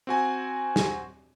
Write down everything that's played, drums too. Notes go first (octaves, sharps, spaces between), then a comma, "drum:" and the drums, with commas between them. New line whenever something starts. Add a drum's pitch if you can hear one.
C4 F#4 G#5
drum: snare